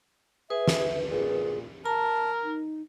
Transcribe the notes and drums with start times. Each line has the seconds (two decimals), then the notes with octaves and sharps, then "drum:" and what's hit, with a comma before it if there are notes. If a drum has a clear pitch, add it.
0.50 G#4 B4 E5
0.68 drum: snare
1.10 A#2 G#4
1.86 A#4 A5 A#5
2.43 D#4